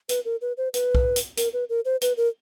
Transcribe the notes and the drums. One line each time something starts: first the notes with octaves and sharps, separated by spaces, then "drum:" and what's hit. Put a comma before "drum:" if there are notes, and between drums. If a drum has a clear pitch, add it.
B4, drum: hi-hat
A#4
B4
C5
B4, drum: hi-hat
drum: kick B1
drum: hi-hat
A#4, drum: hi-hat
B4
A#4
C5
B4, drum: hi-hat
A#4